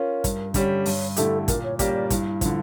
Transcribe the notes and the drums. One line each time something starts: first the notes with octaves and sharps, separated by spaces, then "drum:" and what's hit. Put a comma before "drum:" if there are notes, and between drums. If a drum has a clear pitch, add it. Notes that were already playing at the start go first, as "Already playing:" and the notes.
Already playing: C#4 F4 A#4
G2, drum: kick, hi-hat
D3 G3 C#4 G4, drum: kick, hi-hat
G2 C#5, drum: open hi-hat
D3 A3 E4 G4 A4, drum: hi-hat
A#2 A#4, drum: kick, hi-hat
C#5
G3 A#3 C#4 G4 D5, drum: kick, hi-hat
D5
G2 E4, drum: kick, hi-hat
D3 F3, drum: kick, hi-hat